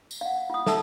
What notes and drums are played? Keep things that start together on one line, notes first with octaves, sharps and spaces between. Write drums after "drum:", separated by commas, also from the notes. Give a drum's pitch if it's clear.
drum: tambourine
F5 F#5
F4 D#6
A4 E5 A5 E6, drum: snare